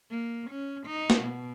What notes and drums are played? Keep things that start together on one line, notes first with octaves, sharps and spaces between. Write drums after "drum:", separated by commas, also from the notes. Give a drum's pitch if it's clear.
A#3
C#4
D#4
drum: snare
B2